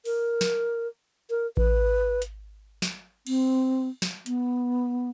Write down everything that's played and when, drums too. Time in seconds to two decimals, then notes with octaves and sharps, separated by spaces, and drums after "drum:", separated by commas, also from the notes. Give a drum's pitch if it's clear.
0.05 A#4, drum: open hi-hat
0.41 drum: snare
1.30 A#4
1.57 B4, drum: kick A1
2.22 drum: hi-hat
2.82 drum: snare
3.27 C4, drum: cymbal
4.02 drum: snare
4.26 B3, drum: hi-hat